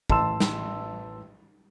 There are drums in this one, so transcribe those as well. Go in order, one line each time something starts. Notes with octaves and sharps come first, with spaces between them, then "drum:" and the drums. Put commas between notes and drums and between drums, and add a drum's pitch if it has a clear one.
A1 A5 C6 E6 E7, drum: kick
drum: snare